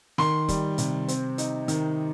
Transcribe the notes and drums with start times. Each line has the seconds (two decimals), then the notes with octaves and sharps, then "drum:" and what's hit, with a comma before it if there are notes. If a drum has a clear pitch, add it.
0.18 D#3 C6, drum: snare
0.48 G3, drum: kick, hi-hat
0.78 C3, drum: hi-hat
1.08 C4, drum: hi-hat
1.38 D#4, drum: hi-hat
1.68 D#3, drum: hi-hat